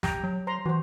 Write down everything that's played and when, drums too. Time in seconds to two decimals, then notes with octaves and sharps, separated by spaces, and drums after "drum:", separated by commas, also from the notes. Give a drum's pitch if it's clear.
0.03 G4 G5 A#5, drum: snare
0.24 F#3
0.47 C5 A#5 C6
0.66 E3 F#4 C5